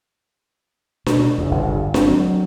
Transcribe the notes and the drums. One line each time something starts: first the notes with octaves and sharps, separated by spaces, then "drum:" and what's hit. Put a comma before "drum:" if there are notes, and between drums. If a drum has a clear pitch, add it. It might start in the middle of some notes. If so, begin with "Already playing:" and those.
B2, drum: snare D4
E2 C#3
G1 G2
C4, drum: snare D4
F#3